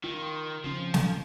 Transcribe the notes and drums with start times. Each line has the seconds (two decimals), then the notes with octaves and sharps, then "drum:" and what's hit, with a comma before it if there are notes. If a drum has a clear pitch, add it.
0.04 D#3 F4
0.64 C#3 F3 C4 C#4
0.94 drum: snare